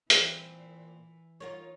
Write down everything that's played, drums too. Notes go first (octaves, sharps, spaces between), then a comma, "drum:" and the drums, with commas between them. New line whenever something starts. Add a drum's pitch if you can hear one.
A#2 E3 C4, drum: hi-hat
D#4 F4 A#4 C#5